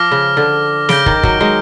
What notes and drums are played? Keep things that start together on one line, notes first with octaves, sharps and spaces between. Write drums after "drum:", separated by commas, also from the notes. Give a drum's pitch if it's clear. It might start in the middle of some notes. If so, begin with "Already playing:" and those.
Already playing: F3 D6 F6 A#6
C#3
D3
C#3 G6 A#6 D7 G7, drum: snare
D#3, drum: kick
F#3, drum: kick
F#3 G#3